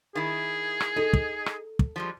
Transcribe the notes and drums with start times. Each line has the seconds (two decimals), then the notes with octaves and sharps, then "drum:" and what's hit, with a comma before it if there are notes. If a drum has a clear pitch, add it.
0.15 D#3 E4 G#4
0.80 drum: rim click
0.96 D#4 A4
1.13 drum: kick
1.46 drum: rim click
1.79 drum: kick
1.96 F3 G3 G#3